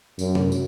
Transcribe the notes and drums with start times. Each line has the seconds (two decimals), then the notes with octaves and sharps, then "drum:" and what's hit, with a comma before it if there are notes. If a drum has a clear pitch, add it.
0.19 F#2, drum: tambourine
0.35 drum: tom C3
0.52 drum: tambourine